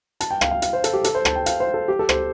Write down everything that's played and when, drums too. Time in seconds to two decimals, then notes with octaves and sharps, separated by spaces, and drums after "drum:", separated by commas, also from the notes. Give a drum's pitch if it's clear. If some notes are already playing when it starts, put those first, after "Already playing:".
0.21 A5, drum: hi-hat
0.31 G5
0.41 F5, drum: rim click
0.51 F5
0.62 F5, drum: hi-hat
0.73 C5
0.84 A4, drum: hi-hat
0.93 G4
1.04 A4, drum: hi-hat
1.15 C5
1.25 A5, drum: rim click
1.36 G5
1.46 F5, drum: hi-hat
1.60 C5
1.74 A4
1.88 G4
1.99 A4
2.09 C5, drum: rim click